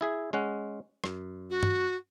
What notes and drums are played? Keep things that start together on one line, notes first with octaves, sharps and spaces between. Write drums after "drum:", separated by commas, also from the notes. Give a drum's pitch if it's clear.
E4 G#4 E5
G#3 C#4 F#5
F#2, drum: rim click
F#4
drum: tom G2